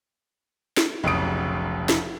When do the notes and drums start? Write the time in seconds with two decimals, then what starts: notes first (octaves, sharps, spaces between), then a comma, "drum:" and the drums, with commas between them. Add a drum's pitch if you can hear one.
0.77 drum: snare
1.04 F1 B1 C#3 D#6 D7
1.89 drum: snare